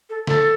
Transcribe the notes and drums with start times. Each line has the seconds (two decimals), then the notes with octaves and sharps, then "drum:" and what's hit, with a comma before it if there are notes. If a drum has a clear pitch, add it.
0.09 A4
0.27 A4, drum: snare